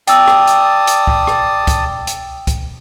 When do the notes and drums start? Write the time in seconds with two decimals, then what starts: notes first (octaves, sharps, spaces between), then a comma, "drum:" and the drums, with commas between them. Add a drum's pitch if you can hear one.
0.08 D5 G5 A5 D#6 E6, drum: hi-hat
0.27 drum: rim click
0.47 drum: hi-hat
0.87 drum: hi-hat
1.07 drum: kick C2
1.27 drum: rim click
1.67 drum: kick C2, hi-hat
2.07 drum: hi-hat
2.47 drum: kick C2, hi-hat